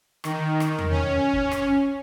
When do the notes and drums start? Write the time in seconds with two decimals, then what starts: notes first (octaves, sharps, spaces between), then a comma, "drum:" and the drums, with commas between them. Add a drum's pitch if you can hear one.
0.24 D#3, drum: rim click
0.60 drum: rim click
0.79 drum: tom E2
0.90 C#4
1.33 drum: kick
1.52 drum: rim click